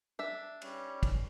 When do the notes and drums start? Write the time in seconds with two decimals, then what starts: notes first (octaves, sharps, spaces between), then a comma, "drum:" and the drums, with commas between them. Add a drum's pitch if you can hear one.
0.19 D4 E5
0.62 G3 C#4, drum: cymbal
1.03 drum: kick, cymbal